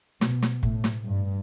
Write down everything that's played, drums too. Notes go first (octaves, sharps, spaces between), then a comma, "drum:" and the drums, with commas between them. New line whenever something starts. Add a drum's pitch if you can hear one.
B2, drum: snare
drum: snare
A2, drum: kick G1
drum: snare
G2